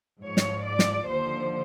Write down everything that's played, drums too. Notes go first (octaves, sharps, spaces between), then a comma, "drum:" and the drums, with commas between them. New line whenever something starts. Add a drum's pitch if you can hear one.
G#2 F3 C#5
drum: snare
D5
drum: snare
D#2 D3 F3 C5